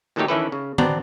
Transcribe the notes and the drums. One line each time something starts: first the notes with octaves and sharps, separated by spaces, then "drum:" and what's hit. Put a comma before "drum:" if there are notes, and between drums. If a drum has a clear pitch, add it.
A#2 D#3 F#3 A3 D#4 G4
D#3 E3 C#4 E4 A4 B4
C#3
B3 C4 D4 D5 A#5, drum: tom D#3